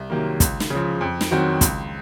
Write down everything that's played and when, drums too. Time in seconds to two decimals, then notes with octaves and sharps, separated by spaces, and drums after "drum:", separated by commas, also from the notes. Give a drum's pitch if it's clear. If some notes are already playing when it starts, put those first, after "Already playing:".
Already playing: C2
0.10 C3 D#3 F#3 A#3
0.40 C#2, drum: kick, hi-hat
0.60 drum: snare
0.70 C#3 F3
1.01 F2
1.21 drum: snare
1.31 D#3 F#3 C4 F#4
1.61 C#2, drum: kick, hi-hat